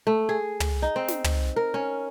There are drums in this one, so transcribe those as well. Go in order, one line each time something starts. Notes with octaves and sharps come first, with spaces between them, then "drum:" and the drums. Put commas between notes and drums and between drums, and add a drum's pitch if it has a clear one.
A3
G#4
drum: tom
D#4
C4
drum: snare
drum: tom
A#4
C#4